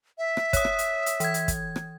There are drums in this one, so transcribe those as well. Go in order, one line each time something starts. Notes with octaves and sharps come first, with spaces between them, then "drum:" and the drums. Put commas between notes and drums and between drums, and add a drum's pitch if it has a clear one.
E5
drum: rim click
C#5 D#6, drum: kick, hi-hat
drum: rim click
drum: hi-hat
drum: hi-hat
E3 G#6, drum: hi-hat
drum: hi-hat
drum: kick, hi-hat
drum: rim click